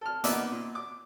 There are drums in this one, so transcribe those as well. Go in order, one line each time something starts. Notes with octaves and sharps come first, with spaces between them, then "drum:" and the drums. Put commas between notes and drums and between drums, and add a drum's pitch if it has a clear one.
A4 F6
A#3 B3 D#4 D5 E5, drum: hi-hat
A#2
D6